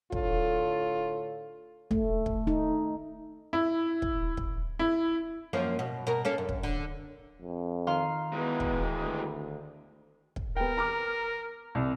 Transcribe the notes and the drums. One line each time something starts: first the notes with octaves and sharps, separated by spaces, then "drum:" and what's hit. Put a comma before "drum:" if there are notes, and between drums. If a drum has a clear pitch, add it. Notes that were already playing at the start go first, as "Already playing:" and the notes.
A2 D3 F4 A4 C#5, drum: kick
A3, drum: kick
drum: kick
D#4
E4
drum: kick
drum: kick
E4
F#2 F3 A#3
B2
B2 A#4
A#3 C#4 A4
F#2
drum: kick
D3
F2
D#3 F5 C6
E3 G#3 B3
drum: kick
D2
drum: kick
B3 A#4 G5
A#5 D6 F6
C2